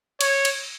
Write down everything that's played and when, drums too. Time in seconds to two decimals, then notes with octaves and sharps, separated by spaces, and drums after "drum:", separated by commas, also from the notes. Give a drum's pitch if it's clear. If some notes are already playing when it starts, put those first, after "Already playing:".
0.21 C#5, drum: cymbal
0.45 drum: cymbal